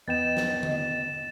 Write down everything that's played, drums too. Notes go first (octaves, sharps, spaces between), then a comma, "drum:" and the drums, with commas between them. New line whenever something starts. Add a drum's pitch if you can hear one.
E2 B3 D#5 G5 A6 E7
drum: snare
drum: tom D3